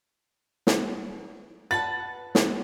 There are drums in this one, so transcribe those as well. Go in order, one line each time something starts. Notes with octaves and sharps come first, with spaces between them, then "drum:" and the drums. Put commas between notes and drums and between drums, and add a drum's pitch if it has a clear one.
drum: snare
B4 F#5 A5 A6
drum: snare